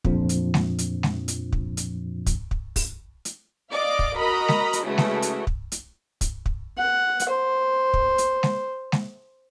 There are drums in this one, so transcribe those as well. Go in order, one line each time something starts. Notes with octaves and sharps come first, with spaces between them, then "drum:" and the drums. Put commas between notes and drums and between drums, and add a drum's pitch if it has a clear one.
F2 A#2 F3 D4, drum: kick
drum: hi-hat
drum: snare G#3
drum: hi-hat
drum: snare G#3
drum: hi-hat
drum: kick
drum: hi-hat
drum: kick, hi-hat
drum: kick
drum: kick, open hi-hat
drum: hi-hat
D5 D#5 F5 D6
drum: kick
F#4 A#4 D#5 A#5 B5
drum: snare G#3
drum: hi-hat
C#3 E3 G#3 A3 F#4
drum: snare G#3
drum: hi-hat
drum: kick
drum: hi-hat
drum: kick, hi-hat
drum: kick
F#5
drum: hi-hat
C5
drum: kick
drum: hi-hat
drum: snare G#3
drum: snare G#3